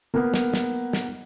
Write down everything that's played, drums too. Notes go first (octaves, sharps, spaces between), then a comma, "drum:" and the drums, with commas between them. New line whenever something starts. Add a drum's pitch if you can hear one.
A#3 B3
drum: snare
drum: snare
drum: snare